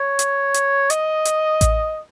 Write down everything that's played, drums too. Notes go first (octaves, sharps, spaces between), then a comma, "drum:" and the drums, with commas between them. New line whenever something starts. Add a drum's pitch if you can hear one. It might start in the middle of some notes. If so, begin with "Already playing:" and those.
Already playing: C#5
drum: hi-hat
drum: hi-hat
D#5, drum: hi-hat
drum: hi-hat
drum: kick A1, hi-hat